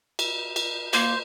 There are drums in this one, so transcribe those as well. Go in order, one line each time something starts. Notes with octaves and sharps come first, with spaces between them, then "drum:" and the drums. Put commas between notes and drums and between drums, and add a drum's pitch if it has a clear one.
drum: cymbal
drum: cymbal
A#3 C5, drum: cymbal